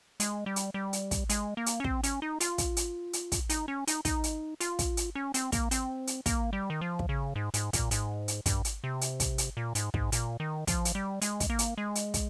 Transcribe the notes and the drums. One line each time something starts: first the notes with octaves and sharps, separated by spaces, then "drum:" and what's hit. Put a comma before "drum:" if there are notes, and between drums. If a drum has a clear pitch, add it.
G#3, drum: hi-hat
G3
drum: hi-hat
G3
drum: hi-hat
drum: kick, hi-hat
G#3, drum: hi-hat
A#3
drum: hi-hat
C#4
C4, drum: kick
C#4, drum: hi-hat
D#4
F4, drum: hi-hat
drum: kick, hi-hat
drum: hi-hat
drum: hi-hat
drum: kick, hi-hat
D#4, drum: hi-hat
C#4
D#4, drum: hi-hat
D#4, drum: kick, hi-hat
drum: hi-hat
F4, drum: hi-hat
drum: kick, hi-hat
drum: hi-hat
C#4
C4, drum: hi-hat
A#3, drum: kick, hi-hat
C4, drum: hi-hat
drum: hi-hat
A#3, drum: kick, hi-hat
G3
D#3
F3
drum: kick
C#3
G#2
G#2, drum: hi-hat
A#2, drum: kick, hi-hat
G#2, drum: hi-hat
drum: hi-hat
G2, drum: kick, hi-hat
drum: hi-hat
C3
drum: hi-hat
drum: kick, hi-hat
drum: hi-hat
A#2
G#2, drum: hi-hat
G#2, drum: kick
A#2, drum: hi-hat
D#3
F3, drum: kick, hi-hat
drum: hi-hat
G3
G#3, drum: hi-hat
drum: kick, hi-hat
A#3
drum: hi-hat
G#3
drum: hi-hat
drum: kick, hi-hat